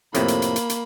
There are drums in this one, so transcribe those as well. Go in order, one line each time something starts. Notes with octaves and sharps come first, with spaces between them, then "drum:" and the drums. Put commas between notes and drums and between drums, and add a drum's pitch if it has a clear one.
F2 A2 C3 A#3 B5, drum: hi-hat
drum: hi-hat
drum: hi-hat
drum: hi-hat
drum: hi-hat